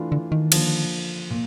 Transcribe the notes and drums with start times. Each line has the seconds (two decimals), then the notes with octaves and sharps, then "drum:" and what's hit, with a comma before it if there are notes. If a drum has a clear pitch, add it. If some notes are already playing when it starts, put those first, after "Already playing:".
Already playing: E3 A3 D4 F4
0.12 D3
0.32 D#3
0.52 D3 F3 A#3, drum: cymbal
1.30 A#2